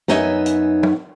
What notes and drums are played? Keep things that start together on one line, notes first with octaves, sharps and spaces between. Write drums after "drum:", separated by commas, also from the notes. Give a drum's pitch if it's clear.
F#2 B3 D#4 C#5 E5 G#5, drum: snare
drum: hi-hat
drum: tom F#3